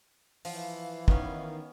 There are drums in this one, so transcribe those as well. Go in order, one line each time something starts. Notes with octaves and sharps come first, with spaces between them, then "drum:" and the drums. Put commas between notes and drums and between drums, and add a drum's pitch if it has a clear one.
E3 F3 F5, drum: open hi-hat
D#3 B3 C#4 F5, drum: kick